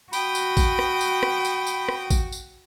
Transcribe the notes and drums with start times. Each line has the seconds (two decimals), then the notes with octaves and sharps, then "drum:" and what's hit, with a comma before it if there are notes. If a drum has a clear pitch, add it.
0.13 F#4 G5 B5 D#6, drum: tambourine
0.35 drum: tambourine
0.57 drum: kick A1, tambourine
0.79 drum: rim click
1.01 drum: tambourine
1.23 drum: rim click
1.45 drum: tambourine
1.67 drum: tambourine
1.89 drum: rim click
2.10 drum: kick A1, tambourine
2.32 drum: tambourine